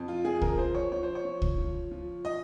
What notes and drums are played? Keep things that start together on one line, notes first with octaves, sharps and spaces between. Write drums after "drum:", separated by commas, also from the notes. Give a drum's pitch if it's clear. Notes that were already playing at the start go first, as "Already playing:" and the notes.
Already playing: F2
F4
F3 G#4
A#4, drum: kick C#2
F3 C5
C#5
F3 C#5
C5
C#5
F3
drum: kick C#2
F3
F3
D#5